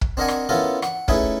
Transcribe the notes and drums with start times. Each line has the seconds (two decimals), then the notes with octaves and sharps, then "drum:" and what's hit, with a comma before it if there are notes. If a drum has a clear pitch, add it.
0.01 drum: kick
0.17 C4 D4 A#4 D#5 F#5 G#5
0.28 drum: rim click
0.49 B3 C#4 E4 F4 A4 A#4
0.82 F#5, drum: rim click
1.08 A3 C#4 D#4 E4 G#4 B4, drum: kick